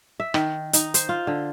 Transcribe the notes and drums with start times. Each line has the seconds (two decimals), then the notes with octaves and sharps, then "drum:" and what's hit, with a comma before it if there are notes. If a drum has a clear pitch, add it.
0.20 E5
0.34 D#3, drum: rim click
0.73 D#4, drum: hi-hat
0.94 C5, drum: hi-hat
1.09 F4
1.27 D3